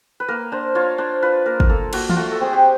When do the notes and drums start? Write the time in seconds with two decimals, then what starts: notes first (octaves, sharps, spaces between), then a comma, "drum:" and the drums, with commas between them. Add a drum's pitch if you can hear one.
0.20 B4
0.28 A#3 A#4
0.52 D4 C5
0.75 F4 C#5
0.98 D4 C5
1.22 F4 B4
1.46 A#3 A#4
1.60 A#4, drum: kick
1.70 A#3 A4
1.93 A#3 F#4, drum: cymbal
2.10 F4, drum: tom
2.16 A3 F#4
2.32 A4
2.40 C4 G#4
2.53 G4